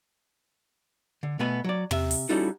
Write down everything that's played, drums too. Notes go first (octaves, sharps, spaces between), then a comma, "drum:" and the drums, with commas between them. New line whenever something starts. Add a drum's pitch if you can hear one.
D3
B2 A3 B3 G#5 B5
F#3 D5
C3 E5, drum: tom
drum: open hi-hat
G3 C#4 D#4 E4 F#4 A4